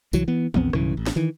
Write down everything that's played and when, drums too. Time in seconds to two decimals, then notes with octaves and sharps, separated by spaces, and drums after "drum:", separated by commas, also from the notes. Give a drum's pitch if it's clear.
0.13 C2 E3 F#3, drum: tambourine
0.28 E3 B3
0.54 A#1 E2 B3 C4, drum: tom
0.73 B1 G2 C#3 E3, drum: rim click
0.97 A1
1.06 drum: snare
1.16 D#3 E3